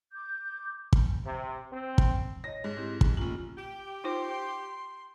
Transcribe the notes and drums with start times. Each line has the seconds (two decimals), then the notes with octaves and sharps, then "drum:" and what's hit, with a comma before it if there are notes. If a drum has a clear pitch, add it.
0.13 D6 G6
0.93 drum: kick
1.26 C3
1.72 C4
1.98 drum: kick
2.44 C#5 D#5 A#6
2.64 G#2
2.77 C4 E4 G4
3.01 G4, drum: kick
3.17 F1 A#3 C#4 F4 F#7
3.58 G4
4.04 D#4 F4 C5 C6